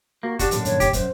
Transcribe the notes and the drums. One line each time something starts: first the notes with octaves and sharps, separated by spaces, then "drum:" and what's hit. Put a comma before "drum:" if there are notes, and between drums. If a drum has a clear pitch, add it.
A#3 F#4
D4 F#4 G4, drum: kick, hi-hat
F#2 A#2 D3 F3 D4, drum: hi-hat
G2 A#2 D#3 C#5, drum: hi-hat
G4, drum: kick, hi-hat
F#2 C5, drum: kick, hi-hat